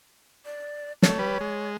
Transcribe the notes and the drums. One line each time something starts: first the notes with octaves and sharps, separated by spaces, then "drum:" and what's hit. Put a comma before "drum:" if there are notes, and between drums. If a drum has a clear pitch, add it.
D5
A3 C#5, drum: snare
G3 B4
G#3